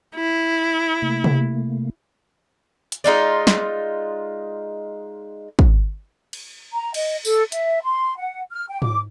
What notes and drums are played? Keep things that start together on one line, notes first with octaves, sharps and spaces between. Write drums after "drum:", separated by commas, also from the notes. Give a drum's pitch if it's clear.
E4
C3 A3 A#3
drum: tom C3
drum: hi-hat
G#3 D#4 F4 D5
drum: snare
drum: kick
drum: cymbal
A#5
D#5, drum: cymbal
A4, drum: tambourine
E5, drum: hi-hat
C6
F#5
F6
G5
D6, drum: tom G#2